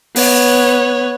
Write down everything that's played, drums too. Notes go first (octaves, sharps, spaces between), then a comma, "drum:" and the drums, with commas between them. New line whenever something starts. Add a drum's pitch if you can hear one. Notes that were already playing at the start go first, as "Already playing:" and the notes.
B3 C#5, drum: open hi-hat